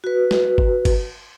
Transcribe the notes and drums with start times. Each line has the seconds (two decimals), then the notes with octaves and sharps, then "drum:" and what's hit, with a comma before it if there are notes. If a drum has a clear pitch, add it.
0.04 F#4 B4
0.31 drum: snare
0.58 drum: kick
0.85 drum: kick, cymbal